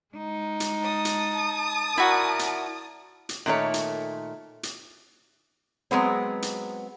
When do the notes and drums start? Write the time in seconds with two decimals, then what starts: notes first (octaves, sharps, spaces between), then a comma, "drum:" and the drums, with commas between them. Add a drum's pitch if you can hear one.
0.15 G#3 D#4
0.60 drum: hi-hat
0.83 A5 D#6
1.05 drum: hi-hat
1.98 E4 F#4 A#4 D5
2.39 drum: hi-hat
3.29 drum: hi-hat
3.46 A#2 D#3 A3 C#5
3.74 drum: hi-hat
4.63 drum: hi-hat
5.91 F#3 G#3 B3 C4
6.42 drum: hi-hat